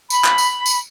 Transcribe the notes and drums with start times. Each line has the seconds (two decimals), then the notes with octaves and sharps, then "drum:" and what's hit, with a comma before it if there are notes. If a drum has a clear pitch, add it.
0.10 B5, drum: tambourine
0.24 drum: clap
0.38 drum: tambourine
0.66 drum: tambourine